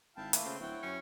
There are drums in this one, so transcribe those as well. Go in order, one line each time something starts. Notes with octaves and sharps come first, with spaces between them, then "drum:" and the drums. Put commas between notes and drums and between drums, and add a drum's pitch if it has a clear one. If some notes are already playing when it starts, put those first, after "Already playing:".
G#1 E4 F5 G5 A5
A3 A#3 B4, drum: hi-hat
C#3 C4 F4
D1 E4 C#5 F#5 G5
F#2 C#4